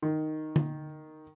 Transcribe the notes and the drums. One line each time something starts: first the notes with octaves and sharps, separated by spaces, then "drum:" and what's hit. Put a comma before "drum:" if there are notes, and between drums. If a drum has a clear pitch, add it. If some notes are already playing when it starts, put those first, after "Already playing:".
D#3
drum: tom D3